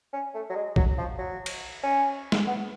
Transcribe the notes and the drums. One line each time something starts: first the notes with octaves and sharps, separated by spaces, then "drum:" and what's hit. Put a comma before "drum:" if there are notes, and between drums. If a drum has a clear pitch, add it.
C#4
A3
F#3
G#3
F#3, drum: kick
F3
F#3
drum: cymbal
C#4
drum: snare G#3
B3